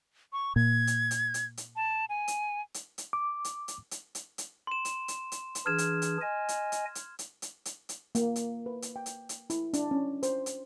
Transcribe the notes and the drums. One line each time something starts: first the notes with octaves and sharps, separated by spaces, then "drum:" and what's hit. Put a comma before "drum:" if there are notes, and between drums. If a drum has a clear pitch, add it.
C#6
A#2 G#6
drum: hi-hat
drum: hi-hat
drum: hi-hat
drum: hi-hat
A5
G#5
drum: hi-hat
drum: hi-hat
drum: hi-hat
D6
drum: hi-hat
drum: hi-hat
drum: hi-hat
drum: hi-hat
drum: hi-hat
C6 E7
drum: hi-hat
drum: hi-hat
drum: hi-hat
drum: hi-hat
E3 D4 G#4 F6 G#6 E7
drum: hi-hat
drum: hi-hat
D#5 G#5
drum: hi-hat
drum: hi-hat
drum: hi-hat
drum: hi-hat
drum: hi-hat
drum: hi-hat
drum: hi-hat
A#3, drum: hi-hat
drum: hi-hat
B4
drum: hi-hat
G5
drum: hi-hat
drum: hi-hat
E4, drum: hi-hat
D4, drum: hi-hat
C#4
C5, drum: hi-hat
drum: hi-hat